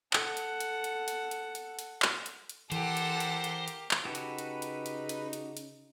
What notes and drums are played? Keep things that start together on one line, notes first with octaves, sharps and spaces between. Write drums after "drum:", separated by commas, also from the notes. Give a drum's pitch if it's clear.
A4 F#5, drum: clap
drum: hi-hat
drum: hi-hat
drum: hi-hat
drum: hi-hat
drum: hi-hat
drum: hi-hat
drum: hi-hat
drum: clap
drum: hi-hat
drum: hi-hat
E3 A#3 G4 A4 C5 F#5, drum: hi-hat
drum: hi-hat
drum: hi-hat
drum: hi-hat
drum: hi-hat
drum: clap
C#3 D#4 F#4 G4 A4 B4
drum: hi-hat
drum: hi-hat
drum: hi-hat
drum: hi-hat
drum: hi-hat
drum: hi-hat
drum: hi-hat